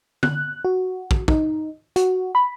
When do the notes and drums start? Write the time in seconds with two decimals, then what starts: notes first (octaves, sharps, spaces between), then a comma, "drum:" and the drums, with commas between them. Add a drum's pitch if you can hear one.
0.23 F#6, drum: tom
0.65 F#4
1.11 drum: kick
1.28 D#4, drum: kick
1.96 F#4, drum: hi-hat
2.35 B5